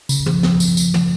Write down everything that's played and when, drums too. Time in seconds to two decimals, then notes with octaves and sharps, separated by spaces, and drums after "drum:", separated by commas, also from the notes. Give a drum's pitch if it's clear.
0.09 C#3, drum: tambourine
0.26 F3, drum: tom
0.43 drum: snare
0.60 drum: tambourine
0.77 drum: tambourine
0.94 drum: tom